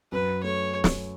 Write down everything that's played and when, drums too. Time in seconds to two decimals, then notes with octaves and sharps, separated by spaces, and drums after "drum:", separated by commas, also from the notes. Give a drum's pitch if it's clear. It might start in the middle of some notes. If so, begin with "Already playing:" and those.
0.12 F#2 B4
0.44 A3 C#5
0.84 drum: snare